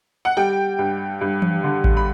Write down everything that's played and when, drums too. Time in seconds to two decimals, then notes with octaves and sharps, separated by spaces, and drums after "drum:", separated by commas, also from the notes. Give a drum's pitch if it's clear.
0.25 F#5
0.37 G3 G5
0.79 G2
1.21 G2
1.42 drum: tom E3
1.64 D3
1.84 drum: kick A1
1.97 B5